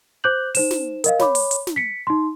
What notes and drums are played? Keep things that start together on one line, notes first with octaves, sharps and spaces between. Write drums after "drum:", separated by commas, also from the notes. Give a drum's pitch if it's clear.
C5 D6 F#6 G6 F#7
D#4 C5 E7, drum: open hi-hat
drum: snare
A#4 D#5 F5, drum: hi-hat
C#5 B5 D6, drum: snare
drum: open hi-hat
drum: hi-hat
drum: snare
B6 C#7
D#4 C6